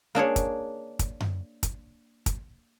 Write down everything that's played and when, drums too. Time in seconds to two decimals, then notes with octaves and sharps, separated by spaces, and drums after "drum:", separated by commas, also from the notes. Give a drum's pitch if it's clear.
0.15 A#3 D4 G#4 C#5
0.36 drum: kick, hi-hat
0.99 drum: kick, hi-hat
1.20 drum: tom F#2
1.63 drum: kick, hi-hat
2.26 drum: kick, hi-hat